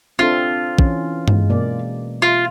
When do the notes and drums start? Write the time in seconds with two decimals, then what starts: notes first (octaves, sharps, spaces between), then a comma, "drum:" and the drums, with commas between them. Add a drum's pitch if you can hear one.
0.19 C4 D4 F4 A4
0.79 E3 C#4, drum: kick
1.28 G#3, drum: tom G2
1.49 B2 A#3 D5
2.22 F4